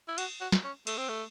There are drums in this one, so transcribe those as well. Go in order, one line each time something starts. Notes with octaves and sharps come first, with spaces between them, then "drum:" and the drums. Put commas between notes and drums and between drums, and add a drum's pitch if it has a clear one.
E4
F#4, drum: cymbal
F#4
drum: snare
C#4
A3, drum: cymbal
C4
A3